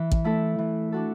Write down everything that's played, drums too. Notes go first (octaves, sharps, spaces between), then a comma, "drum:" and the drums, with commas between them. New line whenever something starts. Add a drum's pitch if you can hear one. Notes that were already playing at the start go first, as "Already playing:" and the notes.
Already playing: E3
drum: kick
A3 E4 A4
E3
D4 F#4 A4